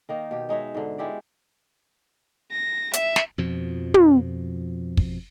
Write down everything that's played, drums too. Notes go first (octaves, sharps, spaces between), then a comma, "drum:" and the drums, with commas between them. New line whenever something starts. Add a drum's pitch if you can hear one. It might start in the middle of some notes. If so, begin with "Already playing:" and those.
D#3 A#3 D#4
B2 G4
G#3 D#4 C#5 E5
G#2 D3
G#3 E4 G4 D5
A#6
E5, drum: hi-hat
drum: snare
F2 B2 F3
drum: tom
drum: kick